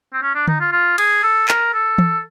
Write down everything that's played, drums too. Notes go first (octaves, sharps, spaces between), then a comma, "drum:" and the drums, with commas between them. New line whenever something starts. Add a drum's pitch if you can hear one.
C4
C#4
D4
D#4, drum: tom D3
F4
F4
G#4, drum: cymbal
A4
A#4, drum: clap
A4
drum: tom E3